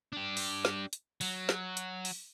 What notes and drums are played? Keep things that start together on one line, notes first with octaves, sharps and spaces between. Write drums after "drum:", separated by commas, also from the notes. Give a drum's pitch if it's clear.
D4 G4
drum: open hi-hat
drum: snare
drum: hi-hat
F#3, drum: open hi-hat
drum: snare
drum: hi-hat
drum: open hi-hat